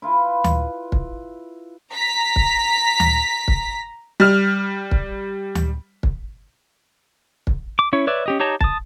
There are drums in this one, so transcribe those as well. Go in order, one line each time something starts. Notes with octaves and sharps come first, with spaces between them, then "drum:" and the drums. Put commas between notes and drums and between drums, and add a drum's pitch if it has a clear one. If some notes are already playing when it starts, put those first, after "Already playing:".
E4 F4 B4
drum: tom D2
drum: kick
A#5 B6
drum: kick
drum: tom D2
drum: kick
G3 F6
drum: kick
drum: tom D2
drum: kick
drum: kick
D6
C#4 E4 C#5
B4 C#5 D5 E5
C#4 G4 D#5
D#4 G4 C#5 A5 A#5
A5 D#6, drum: kick